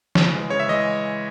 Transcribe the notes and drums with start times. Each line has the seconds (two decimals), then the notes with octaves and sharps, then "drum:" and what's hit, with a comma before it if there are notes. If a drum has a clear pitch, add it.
0.15 C#3, drum: snare
0.33 E3 G#3
0.50 C#3 C#5
0.60 E5
0.68 E3 G#3 D#5